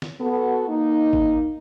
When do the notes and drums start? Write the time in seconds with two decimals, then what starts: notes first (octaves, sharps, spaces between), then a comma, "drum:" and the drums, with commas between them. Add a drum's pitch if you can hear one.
0.02 drum: snare
0.21 B3 F#4 A4
0.69 A#3 D#4
1.13 drum: kick G#1